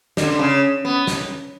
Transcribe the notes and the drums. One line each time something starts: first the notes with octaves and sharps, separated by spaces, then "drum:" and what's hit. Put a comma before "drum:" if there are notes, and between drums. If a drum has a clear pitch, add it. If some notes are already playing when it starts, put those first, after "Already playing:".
D3, drum: snare
C#3
B3
drum: snare